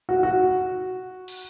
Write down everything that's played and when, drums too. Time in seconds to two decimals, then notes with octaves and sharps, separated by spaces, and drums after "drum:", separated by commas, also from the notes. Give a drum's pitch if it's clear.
0.09 F#4
0.23 F#4
1.28 drum: cymbal